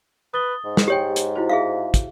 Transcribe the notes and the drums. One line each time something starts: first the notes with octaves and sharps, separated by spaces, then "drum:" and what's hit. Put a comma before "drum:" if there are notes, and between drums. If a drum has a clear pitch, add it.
B4 D#6 A6 G7
G#2
drum: snare
G4 C#5 G5
drum: hi-hat
E4 F#4 C5
G#4 E5 F5
drum: kick, hi-hat